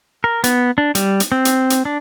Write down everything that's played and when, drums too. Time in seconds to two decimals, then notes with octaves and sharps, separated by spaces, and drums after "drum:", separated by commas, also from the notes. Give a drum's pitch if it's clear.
0.24 A#4
0.44 B3, drum: hi-hat
0.78 D4
0.95 G3, drum: hi-hat
1.20 drum: hi-hat
1.32 C4
1.45 drum: hi-hat
1.70 drum: hi-hat
1.85 D4